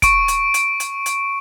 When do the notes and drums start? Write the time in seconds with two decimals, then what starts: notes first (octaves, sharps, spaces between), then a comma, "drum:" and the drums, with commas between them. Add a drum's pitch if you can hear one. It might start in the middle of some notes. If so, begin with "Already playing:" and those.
0.02 C#6 D7, drum: kick, hi-hat
0.28 drum: hi-hat
0.54 drum: hi-hat
0.80 drum: hi-hat
1.06 drum: hi-hat